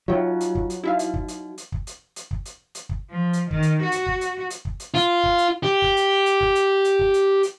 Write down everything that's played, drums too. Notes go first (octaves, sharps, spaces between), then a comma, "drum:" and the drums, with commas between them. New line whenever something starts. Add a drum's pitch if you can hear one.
F#3 D#4 F4 C#5 E5 G5
drum: hi-hat
drum: kick
drum: hi-hat
D#4 E4 F#4 E5 F5
drum: hi-hat
drum: kick
drum: hi-hat
drum: hi-hat
drum: kick
drum: hi-hat
drum: hi-hat
drum: kick
drum: hi-hat
drum: hi-hat
drum: kick
F3
drum: hi-hat
D#3, drum: kick
drum: hi-hat
F#4
drum: hi-hat
drum: kick
drum: hi-hat
drum: hi-hat
drum: kick
drum: hi-hat
F4
drum: kick
drum: hi-hat
G4
drum: kick
drum: hi-hat
drum: hi-hat
drum: kick
drum: hi-hat
drum: hi-hat
drum: kick
drum: hi-hat
drum: hi-hat